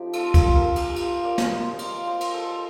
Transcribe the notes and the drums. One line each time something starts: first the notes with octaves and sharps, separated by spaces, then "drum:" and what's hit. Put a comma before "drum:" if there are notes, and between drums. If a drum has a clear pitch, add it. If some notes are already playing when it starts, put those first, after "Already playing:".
Already playing: F3 A3 C4 D#4 G4
F4 A4, drum: cymbal
F4 A4, drum: kick, cymbal
G4 A#4
G4, drum: cymbal
F4, drum: cymbal
A#4 D5
drum: snare
C5 D#5
D5 F5, drum: cymbal
C5 D#5
drum: cymbal
A4 C5